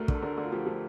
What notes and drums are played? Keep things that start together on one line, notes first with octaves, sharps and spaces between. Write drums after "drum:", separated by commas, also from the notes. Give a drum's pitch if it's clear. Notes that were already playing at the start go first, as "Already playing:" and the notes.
Already playing: D2 A3 A#4
D3, drum: kick
A4
D3 A#4
D3
F4
F3 G4
F3